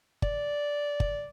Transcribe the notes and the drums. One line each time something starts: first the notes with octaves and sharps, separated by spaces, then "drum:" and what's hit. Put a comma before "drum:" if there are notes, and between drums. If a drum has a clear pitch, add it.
D5, drum: kick G1
drum: kick G1